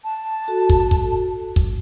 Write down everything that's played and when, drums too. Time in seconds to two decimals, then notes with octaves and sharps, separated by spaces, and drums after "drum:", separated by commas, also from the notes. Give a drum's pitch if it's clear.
0.04 A5
0.48 F#4 A4
0.70 drum: kick
0.91 drum: kick
1.56 drum: kick